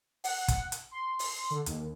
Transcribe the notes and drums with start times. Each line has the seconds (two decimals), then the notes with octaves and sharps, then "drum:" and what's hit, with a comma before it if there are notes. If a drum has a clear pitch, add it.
0.24 F#5, drum: open hi-hat
0.48 drum: kick, hi-hat
0.72 drum: hi-hat
0.91 C6
1.19 drum: open hi-hat
1.50 D3
1.66 D#2, drum: hi-hat